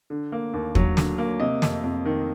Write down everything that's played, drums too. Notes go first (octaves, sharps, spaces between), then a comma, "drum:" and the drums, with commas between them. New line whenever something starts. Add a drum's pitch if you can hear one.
D3
A#3
D#2
F#3, drum: kick
D3, drum: snare
A#3
C3 D#5
F2, drum: snare
F2
D#3